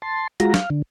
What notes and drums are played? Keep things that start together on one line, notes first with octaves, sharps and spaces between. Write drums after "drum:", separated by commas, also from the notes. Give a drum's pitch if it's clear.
A5 C6
G#3 F4 F#4 A#5, drum: hi-hat
F5, drum: snare
D3